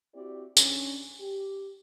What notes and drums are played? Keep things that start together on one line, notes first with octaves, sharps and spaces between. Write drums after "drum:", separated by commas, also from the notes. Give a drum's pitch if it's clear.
C4 E4 F#4 G4 D5
C#4 D4, drum: tambourine
G4